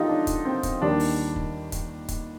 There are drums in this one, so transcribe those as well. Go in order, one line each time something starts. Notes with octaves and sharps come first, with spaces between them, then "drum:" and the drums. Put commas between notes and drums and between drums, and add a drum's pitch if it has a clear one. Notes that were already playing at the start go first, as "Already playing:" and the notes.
Already playing: D3 D#4 F4 G4
D4
drum: kick, hi-hat
C4
drum: kick, hi-hat
D#2 D#3 G3 D4
drum: open hi-hat
drum: kick
drum: kick, hi-hat
drum: kick, hi-hat